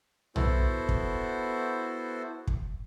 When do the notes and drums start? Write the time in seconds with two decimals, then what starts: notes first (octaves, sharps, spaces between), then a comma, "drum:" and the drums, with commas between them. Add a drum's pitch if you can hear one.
0.36 B3 E4 F#4 A4 C5, drum: tom
0.89 drum: kick
2.47 drum: kick